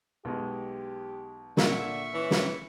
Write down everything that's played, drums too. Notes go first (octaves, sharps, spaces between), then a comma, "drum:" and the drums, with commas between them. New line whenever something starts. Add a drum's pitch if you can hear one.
B1 G#3 G4
A#2 D3 E5 C#6, drum: snare
E3 C#4
drum: snare